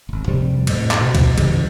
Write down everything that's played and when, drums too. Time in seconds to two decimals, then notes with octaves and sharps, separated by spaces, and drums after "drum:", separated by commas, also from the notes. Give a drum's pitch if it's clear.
0.09 D#1 G#1
0.28 F2 C3 F3 G3
0.67 F2 A2, drum: cymbal
0.91 drum: clap
1.01 B2
1.15 drum: kick, cymbal
1.38 G#2 C#3 E3 G3, drum: cymbal